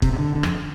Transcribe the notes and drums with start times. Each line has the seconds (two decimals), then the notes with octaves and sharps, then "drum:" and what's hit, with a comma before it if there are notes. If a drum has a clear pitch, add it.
0.02 C3, drum: kick
0.12 C3
0.18 D3
0.35 D3
0.43 F2, drum: rim click